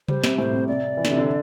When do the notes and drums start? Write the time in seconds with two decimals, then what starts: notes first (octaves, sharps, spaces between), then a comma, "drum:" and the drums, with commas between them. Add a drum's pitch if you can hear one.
0.08 G3 C5, drum: tom C3
0.24 C3, drum: snare
0.38 A2 C5
0.53 C3
0.68 C3 D5
0.97 E3
1.05 D3, drum: snare
1.11 C3
1.18 D3